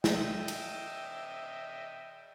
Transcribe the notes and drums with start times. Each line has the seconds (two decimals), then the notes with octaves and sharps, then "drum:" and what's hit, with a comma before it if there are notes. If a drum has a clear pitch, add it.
0.04 D#5 E5 G5, drum: snare
0.48 drum: cymbal